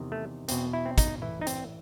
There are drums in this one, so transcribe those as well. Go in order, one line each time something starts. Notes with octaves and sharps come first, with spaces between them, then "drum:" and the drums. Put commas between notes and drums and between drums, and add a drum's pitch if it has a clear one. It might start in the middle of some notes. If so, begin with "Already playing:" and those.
Already playing: E2 C3 D#3
A3
E2 B2 C4, drum: hi-hat
E4
C4
D#4, drum: kick, hi-hat
A2 E3 E4
D#4
C4, drum: hi-hat